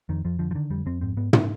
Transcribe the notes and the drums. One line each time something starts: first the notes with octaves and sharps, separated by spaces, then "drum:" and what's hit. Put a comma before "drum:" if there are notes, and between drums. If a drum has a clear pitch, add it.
F2 D#3
F2 F3
D3 F3
F3
D3 D#3
F2 G3
F2 C4
G#2 C4
G#2 B3
C4, drum: tom